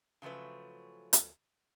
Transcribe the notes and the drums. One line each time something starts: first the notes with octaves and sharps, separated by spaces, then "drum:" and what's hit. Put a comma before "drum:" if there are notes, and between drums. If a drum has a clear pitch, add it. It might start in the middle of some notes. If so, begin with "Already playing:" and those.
C#3 F3 F#3 A3 B4
drum: hi-hat